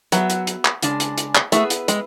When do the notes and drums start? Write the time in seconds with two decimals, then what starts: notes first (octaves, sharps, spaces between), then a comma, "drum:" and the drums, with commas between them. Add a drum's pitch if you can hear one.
0.12 F#3 B3 F#4 B4 E5, drum: hi-hat
0.30 drum: hi-hat
0.47 drum: hi-hat
0.65 drum: clap
0.83 C#3 G#3 D4, drum: hi-hat
1.00 drum: hi-hat
1.18 drum: hi-hat
1.35 drum: clap
1.52 A3 B3 E4 G#4 B4 E5, drum: hi-hat
1.70 drum: hi-hat
1.88 G#3, drum: hi-hat